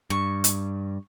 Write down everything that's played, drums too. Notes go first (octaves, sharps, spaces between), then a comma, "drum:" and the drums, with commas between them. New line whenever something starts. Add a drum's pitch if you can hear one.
G2 C#6
drum: hi-hat